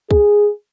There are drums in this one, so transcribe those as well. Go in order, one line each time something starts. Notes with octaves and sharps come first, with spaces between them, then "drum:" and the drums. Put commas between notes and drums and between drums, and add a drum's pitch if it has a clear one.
G#4, drum: kick